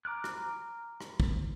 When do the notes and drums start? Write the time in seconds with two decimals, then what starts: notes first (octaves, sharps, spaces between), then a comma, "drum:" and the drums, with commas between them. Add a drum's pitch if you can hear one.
0.05 A#5 D6 F6 F#6
0.24 drum: rim click
1.01 drum: rim click
1.20 drum: kick